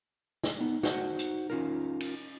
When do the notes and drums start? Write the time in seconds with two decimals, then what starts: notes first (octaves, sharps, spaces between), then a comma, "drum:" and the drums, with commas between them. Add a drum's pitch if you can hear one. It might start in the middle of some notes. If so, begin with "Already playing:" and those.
0.44 drum: snare
0.60 B3 D#4
0.83 F#4 C5 F#5, drum: snare
1.19 drum: hi-hat
1.50 C#4 F4 A#4
2.00 drum: cymbal